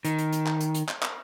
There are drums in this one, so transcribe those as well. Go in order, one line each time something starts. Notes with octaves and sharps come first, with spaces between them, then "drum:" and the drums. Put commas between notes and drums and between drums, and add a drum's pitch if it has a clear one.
D#3, drum: hi-hat
drum: hi-hat
drum: hi-hat
drum: clap
drum: hi-hat
drum: hi-hat
drum: clap
drum: clap